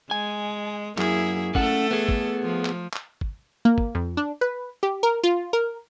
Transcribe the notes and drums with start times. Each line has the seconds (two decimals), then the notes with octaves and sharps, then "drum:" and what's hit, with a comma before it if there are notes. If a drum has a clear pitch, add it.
0.11 G#3 G#5
0.98 F#2 A#3 E4 G#4, drum: clap
1.55 A3 C#4 A4 F#5, drum: kick G#1
1.91 B3 G#4
2.09 drum: kick G#1
2.44 F3
2.65 drum: clap
2.93 drum: clap
3.21 drum: kick G#1
3.65 A#3
3.78 drum: kick G#1
3.95 F2
4.17 D4
4.41 B4
4.83 G4
5.03 A#4
5.24 F4
5.53 A#4